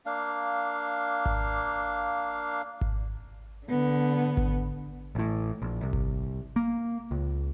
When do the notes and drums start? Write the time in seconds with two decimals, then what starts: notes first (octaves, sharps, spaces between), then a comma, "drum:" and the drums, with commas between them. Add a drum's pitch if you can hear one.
0.06 A#3 D4 F5
1.26 drum: kick G#1
2.81 drum: kick G#1
3.66 D3 B3
4.37 drum: kick G#1
5.15 A1 A2
5.62 A#1
5.83 C2
5.93 drum: kick G#1
6.56 A#3
7.11 C#2